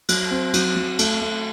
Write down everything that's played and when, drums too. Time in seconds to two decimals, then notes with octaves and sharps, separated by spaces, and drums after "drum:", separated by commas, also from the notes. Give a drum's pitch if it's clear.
0.09 F#3, drum: cymbal
0.31 C4
0.54 F#3, drum: cymbal
0.76 F#3
0.99 A3, drum: cymbal
1.21 A3